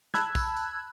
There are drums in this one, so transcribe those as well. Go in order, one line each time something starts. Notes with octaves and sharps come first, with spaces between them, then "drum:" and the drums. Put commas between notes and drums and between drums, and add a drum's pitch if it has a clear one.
A5 B5 E6 F#6 G#6, drum: snare
drum: kick, tambourine
drum: tambourine